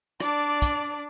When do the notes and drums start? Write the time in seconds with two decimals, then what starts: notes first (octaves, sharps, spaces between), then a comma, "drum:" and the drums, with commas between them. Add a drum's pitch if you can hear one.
0.20 D4 D5, drum: rim click
0.62 drum: kick, hi-hat